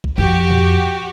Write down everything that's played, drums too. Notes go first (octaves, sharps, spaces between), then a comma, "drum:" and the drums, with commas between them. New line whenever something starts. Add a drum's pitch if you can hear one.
drum: kick A#1
F2 F#4 G4
drum: tom